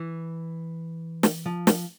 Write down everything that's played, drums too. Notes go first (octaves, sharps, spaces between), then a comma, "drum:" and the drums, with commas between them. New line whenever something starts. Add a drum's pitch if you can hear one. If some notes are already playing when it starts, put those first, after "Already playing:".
Already playing: E3
drum: snare
F3
drum: snare